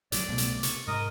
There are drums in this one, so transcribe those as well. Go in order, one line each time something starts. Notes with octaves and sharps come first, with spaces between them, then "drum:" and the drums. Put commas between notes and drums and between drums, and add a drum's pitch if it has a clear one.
A2 F3 F#3 D5, drum: hi-hat
C2 B2 A3
drum: hi-hat
C3 C#6, drum: hi-hat
G#2 A#4 D#5 D#6